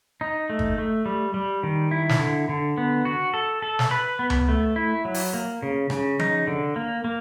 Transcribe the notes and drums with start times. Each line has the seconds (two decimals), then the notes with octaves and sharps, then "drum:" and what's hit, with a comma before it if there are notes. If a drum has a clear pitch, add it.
0.21 D#4
0.50 A3
0.59 drum: kick
0.78 A3
1.06 G3
1.34 G3
1.63 D#3
1.91 E4
2.09 drum: snare
2.20 D3
2.49 D3
2.78 B3
3.05 F#4
3.34 A4
3.62 A4
3.79 drum: snare
3.91 B4
4.19 B3
4.30 drum: tom C#2
4.49 A3
4.76 E4
5.05 F#3
5.14 drum: open hi-hat
5.33 A#3
5.63 C#3
5.90 C#3, drum: rim click
6.19 D#4, drum: tom F3
6.47 D3
6.76 A#3
7.04 A#3